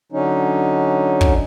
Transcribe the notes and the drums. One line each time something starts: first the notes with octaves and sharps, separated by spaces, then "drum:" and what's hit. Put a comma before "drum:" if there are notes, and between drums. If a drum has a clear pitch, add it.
D3 F#3 C#4 D#4
drum: kick